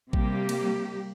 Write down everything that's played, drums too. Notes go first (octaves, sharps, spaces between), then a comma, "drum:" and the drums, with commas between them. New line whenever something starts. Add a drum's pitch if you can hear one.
C3 G3 A#3 G4, drum: kick A1
drum: cymbal